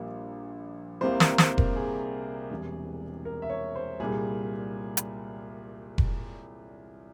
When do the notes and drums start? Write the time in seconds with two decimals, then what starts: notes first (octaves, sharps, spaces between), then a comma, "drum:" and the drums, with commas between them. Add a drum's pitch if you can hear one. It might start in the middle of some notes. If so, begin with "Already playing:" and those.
Already playing: A#1 A#2 G3 A#3
1.01 C2 C3 G3 A#3 C5
1.20 A#4, drum: snare
1.38 C5, drum: snare
1.58 A#4, drum: kick F1
1.76 G#4
2.50 E1 E2 C3 G3
3.25 A#4
3.42 E5
3.50 C#5
3.76 C5
4.00 C2 A#2 G3 G#4
4.97 drum: hi-hat
5.98 drum: kick F1